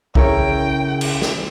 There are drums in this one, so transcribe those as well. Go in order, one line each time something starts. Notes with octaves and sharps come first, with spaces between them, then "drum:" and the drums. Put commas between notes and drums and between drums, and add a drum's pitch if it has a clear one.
C#3 E4 A#4 C#5 G5, drum: kick B1
drum: cymbal
drum: snare